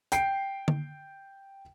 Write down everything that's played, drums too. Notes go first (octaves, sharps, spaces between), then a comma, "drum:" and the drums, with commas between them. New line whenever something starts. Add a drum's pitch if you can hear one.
G5 C7 D7, drum: hi-hat
drum: tom D3